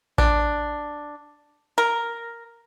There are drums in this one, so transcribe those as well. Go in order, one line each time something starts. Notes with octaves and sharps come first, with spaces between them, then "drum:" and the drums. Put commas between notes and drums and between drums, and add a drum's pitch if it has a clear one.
D4, drum: kick A1
A#4